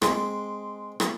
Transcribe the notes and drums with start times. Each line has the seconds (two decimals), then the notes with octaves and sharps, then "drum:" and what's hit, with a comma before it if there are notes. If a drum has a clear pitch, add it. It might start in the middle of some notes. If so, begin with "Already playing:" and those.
0.02 G#3 C4, drum: rim click
1.00 drum: rim click